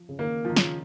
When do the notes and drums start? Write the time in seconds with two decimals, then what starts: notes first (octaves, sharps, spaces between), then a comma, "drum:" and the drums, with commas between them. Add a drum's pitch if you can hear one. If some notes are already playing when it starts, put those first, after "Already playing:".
Already playing: F3
0.09 C#3
0.19 D#3 A#3
0.44 F3
0.50 D#3
0.56 C#3, drum: snare